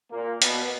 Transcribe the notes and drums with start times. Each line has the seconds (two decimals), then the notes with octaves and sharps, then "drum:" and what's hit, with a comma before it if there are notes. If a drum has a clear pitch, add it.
0.11 A#2 A#3
0.42 B2 B3, drum: hi-hat